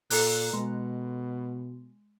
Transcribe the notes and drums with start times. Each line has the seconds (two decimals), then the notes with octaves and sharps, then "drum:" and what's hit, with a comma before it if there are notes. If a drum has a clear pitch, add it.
0.10 A#2 A4 A#5 F#6, drum: open hi-hat
0.53 B2 G#3